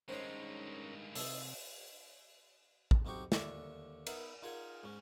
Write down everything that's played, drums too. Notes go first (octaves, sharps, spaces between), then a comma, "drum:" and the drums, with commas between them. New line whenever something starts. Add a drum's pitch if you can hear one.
G2 D#3 G#3 C#4 A#4 C5 C#5
C3 D#4 E4 A4 D5, drum: open hi-hat
drum: kick
B1 C4 D#4 F#4 G4 C#6
D#2 D3 D4 E5 C#6, drum: snare
B3 D#4 A#4 B4 E5 F#5, drum: cymbal
D#4 F4 G#4 A#4 F#5 G#5
G#2 C#4